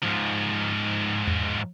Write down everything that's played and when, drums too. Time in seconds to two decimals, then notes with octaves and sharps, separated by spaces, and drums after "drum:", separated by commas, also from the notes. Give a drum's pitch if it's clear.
0.03 G#2 F3
1.27 drum: tom E2